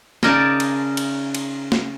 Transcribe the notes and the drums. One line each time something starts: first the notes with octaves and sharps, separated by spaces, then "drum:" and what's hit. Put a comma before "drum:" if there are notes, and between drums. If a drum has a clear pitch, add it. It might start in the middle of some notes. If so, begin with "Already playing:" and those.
C#3 D#4 A#4 D5 G#5 A5, drum: snare
drum: cymbal
drum: cymbal
drum: cymbal
drum: snare